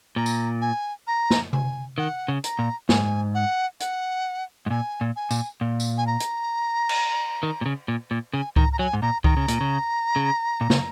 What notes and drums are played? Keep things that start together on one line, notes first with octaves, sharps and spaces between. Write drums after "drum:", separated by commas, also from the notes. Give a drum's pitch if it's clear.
A#2 A#5
drum: tambourine
G#5
A#5
drum: snare
G#5, drum: tom C3
D#3 F#5
C#3
A#5, drum: hi-hat
A#2
G#2 G#5, drum: snare
F#5
F#5, drum: hi-hat
G#2
A#2 G#5
A#2
G#5
A#2, drum: tambourine
A#2
drum: tambourine
G#5
A#5
drum: hi-hat
drum: cymbal
D#3
A#2
C#3
A#2
A#2
C#3 G#5
D#3 A#5, drum: kick C#2
A#5
F#3 G#5
G#2
A#2 A#5
D#3 A#5, drum: kick C#2
C#3
A#2, drum: hi-hat
C#3
C#3
A#2
C#3, drum: snare